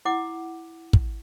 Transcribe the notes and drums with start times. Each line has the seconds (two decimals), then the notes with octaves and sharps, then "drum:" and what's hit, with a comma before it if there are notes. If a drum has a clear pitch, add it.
0.05 E4 F#5 D6
0.93 drum: kick